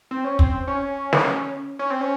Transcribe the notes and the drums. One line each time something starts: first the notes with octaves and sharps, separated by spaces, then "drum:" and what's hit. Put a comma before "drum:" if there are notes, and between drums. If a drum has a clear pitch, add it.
C4
C#4
C4, drum: kick
C#4
drum: snare
C#4
C4
C#4